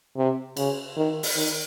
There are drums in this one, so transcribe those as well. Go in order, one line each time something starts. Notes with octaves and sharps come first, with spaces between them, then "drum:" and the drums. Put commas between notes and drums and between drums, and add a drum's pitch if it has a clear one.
C3
C#3, drum: cymbal
D#3
drum: open hi-hat
D#3